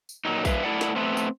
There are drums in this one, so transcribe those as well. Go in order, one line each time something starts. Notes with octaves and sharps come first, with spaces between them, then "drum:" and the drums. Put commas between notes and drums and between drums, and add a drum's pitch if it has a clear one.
drum: tambourine
A#2 F#3 D#4
G2 B3 B4 E5 F5, drum: kick A#1, tambourine
A3 E4 D5 F#5
drum: snare
A3 B3 C4
drum: tambourine